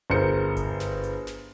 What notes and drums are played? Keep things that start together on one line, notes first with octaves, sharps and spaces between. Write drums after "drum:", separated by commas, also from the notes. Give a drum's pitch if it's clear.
G1 G#4 A#4 C5 C#7
drum: kick F#1, hi-hat
drum: snare
drum: hi-hat
drum: snare